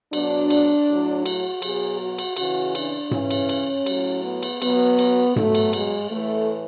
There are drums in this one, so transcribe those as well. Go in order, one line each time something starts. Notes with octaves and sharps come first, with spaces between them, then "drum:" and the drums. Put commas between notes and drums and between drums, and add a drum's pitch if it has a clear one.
B2 F#3 D4, drum: cymbal
drum: cymbal
A2 F#3
F#4, drum: cymbal
B2 F#3 G#4, drum: cymbal
F#4
drum: cymbal
C#3 E3 F#4, drum: cymbal
D4, drum: cymbal
C#3 E3 C#4, drum: tom G#2
drum: cymbal
drum: cymbal
A2 F#3, drum: cymbal
B3
drum: cymbal
B2 F#3 B3, drum: cymbal
drum: cymbal
B2 F#3 A3, drum: tom G#2
drum: cymbal
G#3, drum: cymbal
A2 E3 A3